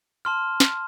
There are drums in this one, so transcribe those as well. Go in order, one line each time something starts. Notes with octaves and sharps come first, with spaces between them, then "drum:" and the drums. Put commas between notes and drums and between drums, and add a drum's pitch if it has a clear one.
A5 C6 F6
drum: snare